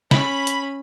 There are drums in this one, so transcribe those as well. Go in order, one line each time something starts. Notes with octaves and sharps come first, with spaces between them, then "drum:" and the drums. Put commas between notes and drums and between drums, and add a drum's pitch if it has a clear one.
C#4 B5, drum: snare
drum: hi-hat